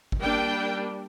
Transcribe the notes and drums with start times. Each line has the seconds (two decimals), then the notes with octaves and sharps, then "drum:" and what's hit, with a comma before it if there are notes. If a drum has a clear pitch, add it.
0.12 drum: kick
0.21 G3 A#3 D4 G5